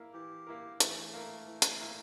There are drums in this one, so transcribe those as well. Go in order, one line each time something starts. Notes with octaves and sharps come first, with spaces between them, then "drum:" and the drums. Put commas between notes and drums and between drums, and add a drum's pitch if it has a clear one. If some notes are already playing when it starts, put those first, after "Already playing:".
Already playing: A#3 E4 A#4
E3 G4
A#3 E4 A#4
E3 A3, drum: hi-hat
A#3 E4 A#4
E3
drum: hi-hat
A#3 E4 A#4